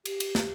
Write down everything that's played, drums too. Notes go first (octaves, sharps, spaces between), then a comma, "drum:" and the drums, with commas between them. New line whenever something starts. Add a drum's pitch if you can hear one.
G4, drum: cymbal
drum: cymbal
drum: snare